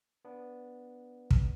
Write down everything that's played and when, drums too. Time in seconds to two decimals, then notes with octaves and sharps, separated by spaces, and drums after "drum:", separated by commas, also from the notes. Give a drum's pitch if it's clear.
0.25 B3 D4
1.31 drum: kick